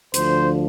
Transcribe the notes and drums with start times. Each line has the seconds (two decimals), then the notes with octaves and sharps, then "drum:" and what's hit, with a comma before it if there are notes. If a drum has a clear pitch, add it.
0.14 D2 D3 F3 C5, drum: hi-hat